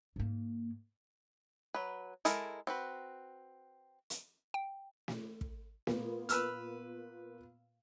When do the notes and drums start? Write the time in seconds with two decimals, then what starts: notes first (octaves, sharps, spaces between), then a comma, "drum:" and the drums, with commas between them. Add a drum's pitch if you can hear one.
0.16 G#2 A#3
1.74 F#3 B4
2.25 G#3 E4 A4 A#4, drum: hi-hat
2.67 C4 F#4 B4
4.10 drum: hi-hat
4.54 G5
5.08 drum: snare
5.41 drum: kick
5.87 A#2 A#3 B3, drum: snare
6.29 B4 E6 F6, drum: hi-hat